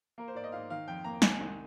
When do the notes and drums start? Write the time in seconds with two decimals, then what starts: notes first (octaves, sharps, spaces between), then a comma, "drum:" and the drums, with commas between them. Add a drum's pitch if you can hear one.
0.18 A#3 A#4
0.28 C5
0.35 G#2 D5
0.44 D#5
0.52 G#2 F5
0.70 D#3 F5
0.88 F2 G5
1.04 A#3 A#5
1.22 D#3 G#5, drum: snare
1.40 C2